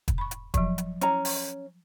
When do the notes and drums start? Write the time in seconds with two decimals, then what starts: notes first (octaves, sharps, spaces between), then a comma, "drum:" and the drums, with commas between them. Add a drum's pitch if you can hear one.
0.08 drum: kick, hi-hat
0.18 B5 C#6
0.31 drum: hi-hat
0.54 F3 F#3, drum: kick, hi-hat
0.78 drum: hi-hat
1.01 C#4 A#5, drum: hi-hat
1.25 drum: open hi-hat